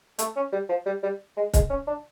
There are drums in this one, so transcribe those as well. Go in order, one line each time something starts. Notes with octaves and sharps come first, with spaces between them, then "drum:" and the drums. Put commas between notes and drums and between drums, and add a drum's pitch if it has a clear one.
A3, drum: hi-hat
C#4
G3
F3
G3
G3
G#3
G#3, drum: kick, hi-hat
C#4
D4